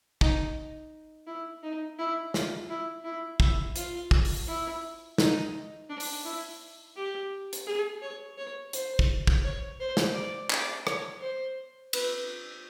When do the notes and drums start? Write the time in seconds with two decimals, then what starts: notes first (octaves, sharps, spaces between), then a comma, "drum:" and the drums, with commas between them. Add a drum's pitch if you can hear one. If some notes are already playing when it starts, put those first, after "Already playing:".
0.21 D#4, drum: kick
1.27 E4
1.63 D#4
1.99 E4
2.34 F4, drum: snare
2.70 E4
3.04 E4
3.40 E4, drum: kick
3.76 F4, drum: hi-hat
4.11 drum: kick
4.25 drum: open hi-hat
4.47 E4
5.18 D#4, drum: snare
5.89 D4
6.00 drum: open hi-hat
6.25 E4
6.96 G4
7.53 drum: hi-hat
7.67 G#4
8.02 C#5
8.38 C#5
8.73 C5, drum: hi-hat
8.99 drum: kick
9.27 drum: kick
9.44 C#5
9.80 C5
9.97 drum: snare
10.14 D5
10.50 D5, drum: clap
10.87 C#5, drum: rim click
11.21 C5
11.93 B4, drum: cymbal